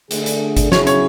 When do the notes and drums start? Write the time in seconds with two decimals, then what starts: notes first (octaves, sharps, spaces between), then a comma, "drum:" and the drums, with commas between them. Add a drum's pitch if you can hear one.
0.11 D3 A3 D4 G#4, drum: hi-hat
0.26 drum: hi-hat
0.57 drum: kick G1, hi-hat
0.72 C#3 F#3 C#4 E4 G#4 C#5, drum: snare
0.87 C#5, drum: hi-hat